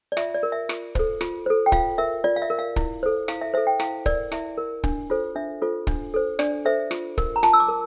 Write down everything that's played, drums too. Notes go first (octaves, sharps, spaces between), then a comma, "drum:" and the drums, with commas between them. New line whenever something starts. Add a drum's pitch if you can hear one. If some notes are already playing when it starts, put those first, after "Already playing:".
D5
F4 E5, drum: rim click
D5
A#4
E5
F4, drum: rim click
A4 C5, drum: kick
F4, drum: rim click
A4 C5
G5
F4 F5, drum: kick
A#4 E5
F4 D5
F5
E5
A#4
F5
E4, drum: kick
A4 C5
E4 F5, drum: rim click
E5
A4 C5 E5
G5
E4 F5, drum: rim click
A#4 D5, drum: kick
E4 E5, drum: rim click
A#4
D4, drum: kick
F4 A4 C5
D4 E5
F4 A4 C5
D4, drum: kick
A4 C5
D4 D5, drum: rim click
A4 C5 E5
F4, drum: rim click
A#4, drum: kick
A#5
F4 A5, drum: rim click
E6
D6
A#4